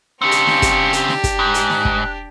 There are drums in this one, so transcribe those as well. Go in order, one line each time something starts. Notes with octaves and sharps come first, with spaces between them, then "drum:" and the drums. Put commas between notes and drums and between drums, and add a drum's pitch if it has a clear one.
C#3 C4 D4 G4 C#7
drum: hi-hat
drum: snare
drum: kick, hi-hat
drum: hi-hat
drum: snare
drum: kick, hi-hat
G#2 F#6
drum: hi-hat
drum: snare
drum: kick